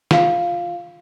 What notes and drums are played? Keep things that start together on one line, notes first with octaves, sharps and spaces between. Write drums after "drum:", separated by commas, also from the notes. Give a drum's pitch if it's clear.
F4 F5, drum: snare